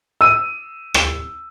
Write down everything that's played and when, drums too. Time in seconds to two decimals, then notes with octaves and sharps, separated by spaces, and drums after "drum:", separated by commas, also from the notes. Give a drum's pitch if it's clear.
0.21 E6 D#7
0.94 drum: rim click